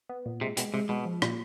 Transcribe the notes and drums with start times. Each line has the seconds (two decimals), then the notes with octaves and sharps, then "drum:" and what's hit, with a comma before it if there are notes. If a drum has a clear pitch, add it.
0.09 B3
0.26 A#2
0.41 C3 G#3
0.57 B2 G#3, drum: hi-hat
0.73 C3 G#3
0.89 B2 G#3
1.05 F3
1.22 A#2, drum: rim click